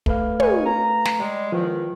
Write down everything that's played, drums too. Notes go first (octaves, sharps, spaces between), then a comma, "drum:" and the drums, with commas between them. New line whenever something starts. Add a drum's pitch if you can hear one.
A3 B4 F5, drum: kick
C#5 D#5 G#5, drum: tom
A#5
drum: snare
G3 G#3
E2 D#3 F3